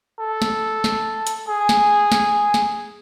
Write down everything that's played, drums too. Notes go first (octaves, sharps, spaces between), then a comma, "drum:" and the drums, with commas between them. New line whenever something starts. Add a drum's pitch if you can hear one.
A4
drum: snare
drum: snare
drum: hi-hat
G#4
drum: snare
drum: snare
drum: snare